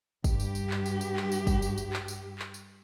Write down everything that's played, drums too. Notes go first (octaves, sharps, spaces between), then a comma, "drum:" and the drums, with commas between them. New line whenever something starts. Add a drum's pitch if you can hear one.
G2 G4, drum: kick, tambourine
drum: tambourine
drum: tambourine
drum: clap
drum: tambourine
drum: tambourine
drum: clap
drum: tambourine
drum: kick, tambourine
drum: tambourine
drum: tambourine
drum: clap
drum: tambourine
drum: clap
drum: tambourine